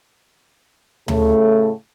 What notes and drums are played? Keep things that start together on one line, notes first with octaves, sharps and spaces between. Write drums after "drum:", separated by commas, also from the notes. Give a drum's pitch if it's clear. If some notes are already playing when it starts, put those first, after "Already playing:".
A2 C#3 A3, drum: tom D2